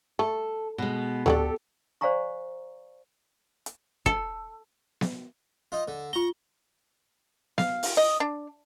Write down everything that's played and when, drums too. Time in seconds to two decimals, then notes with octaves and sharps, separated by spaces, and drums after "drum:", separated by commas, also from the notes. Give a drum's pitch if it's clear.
0.19 A3 A4
0.78 B2 G#3
1.26 D4 D#4 F#4 G4 A4, drum: tom D2
2.01 C5 D5 F5 G#5 A#5 C#6
3.66 drum: hi-hat
4.06 A4, drum: kick
5.01 drum: snare B3
5.72 D#4 F4
5.88 D3
6.13 F4 A#5 C#6 G7
7.58 F5, drum: snare B3
7.83 drum: open hi-hat
7.97 D#5
8.20 D4